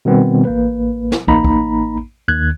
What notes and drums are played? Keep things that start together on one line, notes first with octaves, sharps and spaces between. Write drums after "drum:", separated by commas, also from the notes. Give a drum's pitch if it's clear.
B2 D#3 G3 B3 C4
A1 A#3 B4
drum: snare
A1 A#3 D#4 A#5 B5, drum: kick
drum: kick
D#2 D#3 F#6 G#6